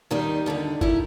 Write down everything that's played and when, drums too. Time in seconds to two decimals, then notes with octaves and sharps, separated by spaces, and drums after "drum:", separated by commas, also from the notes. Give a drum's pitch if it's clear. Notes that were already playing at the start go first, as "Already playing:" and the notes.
0.11 D#2 D#3 G3 D#4
0.46 D#2 D3 G3
0.81 D#3 G3 E4, drum: kick G1